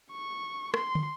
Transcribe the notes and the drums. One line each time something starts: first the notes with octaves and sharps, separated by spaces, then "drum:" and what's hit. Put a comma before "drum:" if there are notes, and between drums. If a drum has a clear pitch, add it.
C#6
C6, drum: rim click
drum: tom